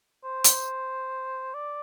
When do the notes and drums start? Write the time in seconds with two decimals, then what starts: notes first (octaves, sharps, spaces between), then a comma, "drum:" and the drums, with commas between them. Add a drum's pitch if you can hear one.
0.24 C5
0.44 drum: hi-hat
1.54 D5